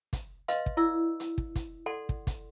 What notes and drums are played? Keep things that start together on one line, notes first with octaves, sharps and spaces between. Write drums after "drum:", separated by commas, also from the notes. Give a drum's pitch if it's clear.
drum: kick, hi-hat
B4 D#5 F5 C6, drum: hi-hat
drum: kick
E4 D5 E6
drum: hi-hat
drum: kick
drum: kick, hi-hat
A4 D5 F#5 C6
drum: kick
drum: kick, hi-hat